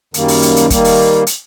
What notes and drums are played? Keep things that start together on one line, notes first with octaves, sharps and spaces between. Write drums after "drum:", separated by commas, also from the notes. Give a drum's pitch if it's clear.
F#2 D#3 G3 A#3, drum: hi-hat
drum: open hi-hat
drum: hi-hat
drum: hi-hat
D#3 G3 A#3, drum: kick, hi-hat
drum: open hi-hat
drum: hi-hat